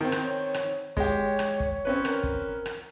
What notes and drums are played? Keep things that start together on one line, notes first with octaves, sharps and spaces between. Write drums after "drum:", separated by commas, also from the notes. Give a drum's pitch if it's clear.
D#3 C4
drum: rim click
C#5
drum: rim click
G#3 G4 C#5, drum: kick
drum: rim click
drum: kick
C4 C#4 B4
A#4, drum: rim click
drum: kick
drum: rim click